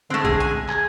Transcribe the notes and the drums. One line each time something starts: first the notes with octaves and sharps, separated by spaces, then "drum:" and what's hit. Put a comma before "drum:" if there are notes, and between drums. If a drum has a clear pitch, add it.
D3 G#3 A3 C4
G#4, drum: kick A#1
G#5
G#4, drum: clap